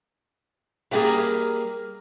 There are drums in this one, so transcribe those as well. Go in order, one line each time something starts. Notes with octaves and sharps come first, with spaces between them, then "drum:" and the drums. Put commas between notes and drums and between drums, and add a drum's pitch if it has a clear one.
F#3 G3 A3 A#3 G#4 A#4, drum: open hi-hat